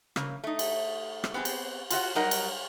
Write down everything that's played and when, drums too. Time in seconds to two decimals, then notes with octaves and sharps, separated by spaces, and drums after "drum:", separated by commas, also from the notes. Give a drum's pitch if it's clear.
0.16 C#3 A#3, drum: rim click
0.44 A3 D#4
0.59 drum: cymbal
1.24 drum: rim click
1.34 B3 C4 G4 G#4
1.45 drum: cymbal
1.91 F4 F#4 E5 F#5, drum: cymbal
2.15 F#3 G3 D#4 A#4 D#5 F#5
2.31 drum: cymbal